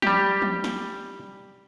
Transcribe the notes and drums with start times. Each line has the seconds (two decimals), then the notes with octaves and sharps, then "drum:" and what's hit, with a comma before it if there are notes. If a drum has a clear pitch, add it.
0.02 G3 G4, drum: tom F3
0.42 drum: tom F3
0.64 drum: snare